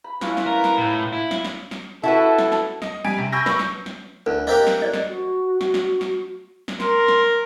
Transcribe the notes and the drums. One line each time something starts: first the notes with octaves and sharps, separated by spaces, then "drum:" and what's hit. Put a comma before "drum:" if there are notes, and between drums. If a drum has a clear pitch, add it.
B5
A3 C#4 E4 F4 A4 B4, drum: snare
drum: snare
A#4
drum: snare
A2
E4
drum: snare
drum: snare
drum: snare
E4 F#4 A4 B4 A5
drum: snare
drum: snare
D#5, drum: snare
G3 G#5 D7
C3
G#5 B5 C#6 E6 G6 A#6
B4 C#6, drum: snare
drum: snare
drum: snare
D2 D4 A#4 B4
A#3 C4 G4 C5 D#5
drum: snare
C5 D5 D#5
drum: snare
F#4
drum: snare
drum: snare
drum: snare
drum: snare
A#4 C6, drum: snare
drum: snare